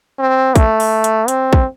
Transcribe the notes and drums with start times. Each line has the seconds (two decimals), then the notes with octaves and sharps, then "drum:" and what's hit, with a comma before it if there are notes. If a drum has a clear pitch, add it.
0.19 C4
0.55 A3, drum: kick, hi-hat
0.80 drum: open hi-hat
1.04 drum: hi-hat
1.28 C4, drum: hi-hat
1.53 drum: kick